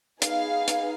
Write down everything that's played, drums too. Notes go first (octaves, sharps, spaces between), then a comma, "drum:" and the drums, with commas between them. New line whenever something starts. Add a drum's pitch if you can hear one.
B3 D#4 G#4 F5, drum: hi-hat
drum: hi-hat